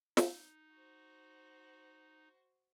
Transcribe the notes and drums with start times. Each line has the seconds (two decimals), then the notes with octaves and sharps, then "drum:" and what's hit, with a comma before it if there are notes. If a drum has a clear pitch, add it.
0.17 D#4, drum: snare
0.72 F#4 C5